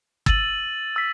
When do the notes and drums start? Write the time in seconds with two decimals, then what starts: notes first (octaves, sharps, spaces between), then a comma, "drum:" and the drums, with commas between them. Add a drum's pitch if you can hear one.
0.26 E6 A6 D#7 F#7, drum: kick G1
0.96 E6 B6